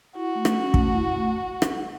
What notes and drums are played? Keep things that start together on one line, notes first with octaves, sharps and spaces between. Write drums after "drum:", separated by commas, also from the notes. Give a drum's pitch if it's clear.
E4 F#4
A3
drum: rim click
C#4
A3, drum: kick
E4
A3
drum: rim click